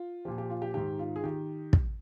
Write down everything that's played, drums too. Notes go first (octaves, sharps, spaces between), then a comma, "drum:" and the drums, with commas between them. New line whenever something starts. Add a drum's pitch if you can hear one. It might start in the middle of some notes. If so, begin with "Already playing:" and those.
Already playing: F4
A#2 F3 G4
G4
F4
G4
G#2 D#3 G4
F4
G#4
D#3 G4
drum: kick